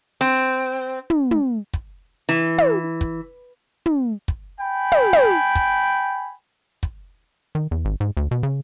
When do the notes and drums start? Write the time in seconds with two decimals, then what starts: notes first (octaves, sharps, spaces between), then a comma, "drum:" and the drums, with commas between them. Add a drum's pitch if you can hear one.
0.21 C4
1.10 drum: tom
1.31 drum: tom
1.74 drum: kick, hi-hat
2.29 E3
2.58 drum: tom
3.01 drum: kick, hi-hat
3.86 drum: tom
4.28 drum: kick, hi-hat
4.60 G5 G#5 B5
4.92 drum: tom
5.13 drum: tom
5.55 drum: kick, hi-hat
6.83 drum: kick, hi-hat
7.55 D#3
7.71 E2
7.85 G#1
8.00 G#2
8.17 D2
8.31 B2
8.43 C#3